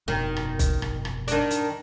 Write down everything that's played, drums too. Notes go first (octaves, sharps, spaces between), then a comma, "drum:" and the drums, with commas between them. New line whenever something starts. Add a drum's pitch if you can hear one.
F1 G2 B2 D#3
drum: rim click
drum: kick, hi-hat
drum: rim click
drum: rim click
D#3 D4, drum: hi-hat
drum: hi-hat